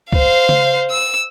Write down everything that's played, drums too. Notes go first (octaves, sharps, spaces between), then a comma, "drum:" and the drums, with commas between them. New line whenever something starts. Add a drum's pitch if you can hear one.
C5 F5, drum: kick
drum: tom C#3
E6